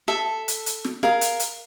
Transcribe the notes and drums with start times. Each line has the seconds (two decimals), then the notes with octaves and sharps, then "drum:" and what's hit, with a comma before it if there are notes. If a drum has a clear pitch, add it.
0.08 A4 E5
0.48 drum: hi-hat
0.66 drum: hi-hat
0.85 drum: snare
1.03 G#4 A#4 F5, drum: snare
1.21 drum: hi-hat
1.40 drum: hi-hat